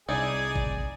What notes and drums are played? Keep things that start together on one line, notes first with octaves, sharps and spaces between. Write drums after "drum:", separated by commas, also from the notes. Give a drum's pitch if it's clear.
C2 D#4 E4 G#4 D5 G#5
drum: kick G#1